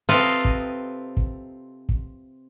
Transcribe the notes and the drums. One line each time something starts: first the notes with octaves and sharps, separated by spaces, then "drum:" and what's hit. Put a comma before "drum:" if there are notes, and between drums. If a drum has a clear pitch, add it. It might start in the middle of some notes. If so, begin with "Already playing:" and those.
C3 C4 F4 A4 B4 D#5
drum: kick
drum: kick
drum: kick